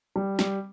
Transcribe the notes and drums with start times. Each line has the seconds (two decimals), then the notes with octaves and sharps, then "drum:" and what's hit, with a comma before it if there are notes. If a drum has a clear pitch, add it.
0.16 G3
0.39 G3, drum: snare